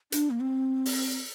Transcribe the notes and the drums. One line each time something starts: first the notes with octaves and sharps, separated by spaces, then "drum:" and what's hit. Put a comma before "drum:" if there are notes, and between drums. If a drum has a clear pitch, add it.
D4, drum: hi-hat
A#3
C4
drum: open hi-hat